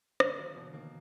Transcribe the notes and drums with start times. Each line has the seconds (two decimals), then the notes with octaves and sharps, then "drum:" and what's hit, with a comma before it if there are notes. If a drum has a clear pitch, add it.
0.20 D3 A#3, drum: rim click
0.38 D#3 F#3
0.56 B2 E3
0.66 D3
0.73 D#3 A#3